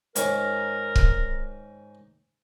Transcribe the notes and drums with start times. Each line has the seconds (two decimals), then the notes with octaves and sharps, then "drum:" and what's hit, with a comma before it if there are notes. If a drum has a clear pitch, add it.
0.16 G#2 D#3 C#4 A#4, drum: hi-hat
0.96 drum: kick